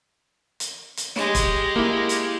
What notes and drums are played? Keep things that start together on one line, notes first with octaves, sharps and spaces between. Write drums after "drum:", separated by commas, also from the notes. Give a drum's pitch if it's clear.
drum: hi-hat
drum: hi-hat
G#3 G4, drum: snare
drum: kick, hi-hat
A#3 E4
drum: hi-hat